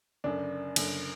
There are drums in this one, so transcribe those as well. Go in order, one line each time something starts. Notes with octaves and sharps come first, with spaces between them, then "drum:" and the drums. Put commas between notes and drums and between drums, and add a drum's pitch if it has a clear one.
F#1 F#2 D3 D4
F#1 F#2 D3, drum: cymbal